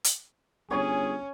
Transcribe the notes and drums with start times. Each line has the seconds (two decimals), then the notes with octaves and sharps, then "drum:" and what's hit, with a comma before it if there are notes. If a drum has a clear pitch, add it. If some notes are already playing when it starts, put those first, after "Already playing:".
0.04 drum: hi-hat
0.71 G1 C#4 G#4 C#5 G#5 C#6